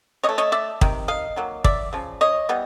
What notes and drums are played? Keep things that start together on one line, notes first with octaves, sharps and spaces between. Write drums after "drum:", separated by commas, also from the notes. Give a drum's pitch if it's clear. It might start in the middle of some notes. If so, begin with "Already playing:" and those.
E3 C#5 D#5
A3
C#5 D#5
D5 E5
C3 D#3, drum: kick
D#5 F5
D#3 F#3 A#3
D5 E5, drum: kick
C#3 F3
C#5 D#5
E3 G3 B3